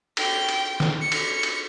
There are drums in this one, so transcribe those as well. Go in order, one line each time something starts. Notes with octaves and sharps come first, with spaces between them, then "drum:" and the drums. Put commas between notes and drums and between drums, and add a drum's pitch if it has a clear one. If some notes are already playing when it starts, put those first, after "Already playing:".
G5, drum: cymbal
drum: cymbal
drum: snare
C#7
drum: cymbal
drum: cymbal